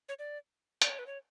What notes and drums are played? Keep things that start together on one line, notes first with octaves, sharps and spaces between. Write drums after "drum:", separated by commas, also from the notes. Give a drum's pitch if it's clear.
C#5
D5
D5, drum: hi-hat
C#5
B4
C#5